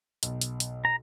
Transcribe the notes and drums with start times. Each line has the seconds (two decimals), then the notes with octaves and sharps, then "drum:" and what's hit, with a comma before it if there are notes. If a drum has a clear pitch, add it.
0.23 B1, drum: hi-hat
0.41 drum: hi-hat
0.60 drum: hi-hat
0.85 A#5